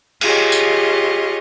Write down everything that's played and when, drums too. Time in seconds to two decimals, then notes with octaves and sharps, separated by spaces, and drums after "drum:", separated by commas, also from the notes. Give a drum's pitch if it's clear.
0.21 F4 G4 G#4 C#5 D#5, drum: cymbal
0.52 drum: tambourine